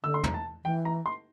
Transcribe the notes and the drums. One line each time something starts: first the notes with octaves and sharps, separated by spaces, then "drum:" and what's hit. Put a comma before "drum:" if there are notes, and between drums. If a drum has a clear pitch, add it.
D3 E6
C6
A#5, drum: tom
A5
E3 G5
A#5
C6